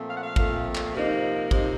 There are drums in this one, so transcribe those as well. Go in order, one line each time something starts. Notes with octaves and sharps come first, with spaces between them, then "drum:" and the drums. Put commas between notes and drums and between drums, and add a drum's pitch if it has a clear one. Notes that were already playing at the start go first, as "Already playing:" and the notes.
Already playing: A#2 F3 A3 C4
F5
F#5
F5
A#2 F3 A3 C4, drum: kick G#1
drum: clap
C3 F3 A#3 D#4
C3 F3 A#3 D#4 D#5, drum: kick G#1